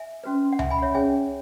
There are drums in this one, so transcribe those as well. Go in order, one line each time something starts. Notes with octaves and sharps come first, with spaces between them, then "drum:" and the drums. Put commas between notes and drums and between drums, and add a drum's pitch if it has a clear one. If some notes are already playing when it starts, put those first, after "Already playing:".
Already playing: E5 G#5
C#4 F#4 B4
F#5
E5 G#5, drum: tom C#2
G#5 B5
F#5
C#5 E5
C#4 G#4 C#5 E5 G#5